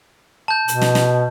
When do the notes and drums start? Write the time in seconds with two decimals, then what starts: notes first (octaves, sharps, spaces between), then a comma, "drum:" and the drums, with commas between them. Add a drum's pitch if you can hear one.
0.48 A5 G6
0.68 B2, drum: hi-hat
0.81 drum: snare
0.95 drum: snare